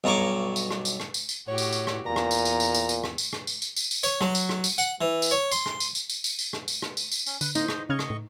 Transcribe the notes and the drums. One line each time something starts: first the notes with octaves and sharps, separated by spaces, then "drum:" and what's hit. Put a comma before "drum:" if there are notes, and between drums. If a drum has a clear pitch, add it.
B1 G2 A#5 C#6 D6
drum: tambourine
drum: rim click
drum: tambourine
drum: rim click
drum: tambourine
drum: tambourine
A2 F#4 G4 C#5
drum: tambourine
drum: tambourine
drum: rim click
E2 A#2 A#5
drum: rim click
drum: tambourine
drum: tambourine
drum: tambourine
drum: tambourine
drum: tambourine
drum: rim click
drum: tambourine
drum: rim click
drum: tambourine
drum: tambourine
drum: tambourine
drum: tambourine
C#5, drum: tambourine
F#3, drum: rim click
drum: tambourine
drum: rim click
drum: tambourine
F#5, drum: tambourine
E3
drum: tambourine
C#5
C6, drum: tambourine
drum: rim click
drum: tambourine
drum: tambourine
drum: tambourine
drum: tambourine
drum: tambourine
drum: rim click
drum: tambourine
drum: rim click
drum: tambourine
drum: tambourine
C#4, drum: tambourine
D3 B4, drum: tambourine
A#3 D#4 C5 D#5, drum: tambourine
D#4, drum: rim click
C#3 D#5 C#6 F6 G#6
drum: rim click
A2